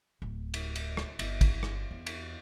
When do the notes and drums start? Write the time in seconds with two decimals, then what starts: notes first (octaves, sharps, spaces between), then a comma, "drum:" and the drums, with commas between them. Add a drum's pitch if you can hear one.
0.22 D1
0.54 drum: cymbal
0.76 drum: cymbal
0.97 drum: rim click
1.19 G1, drum: cymbal
1.41 drum: kick, cymbal
1.63 drum: rim click
1.91 E2
2.06 drum: cymbal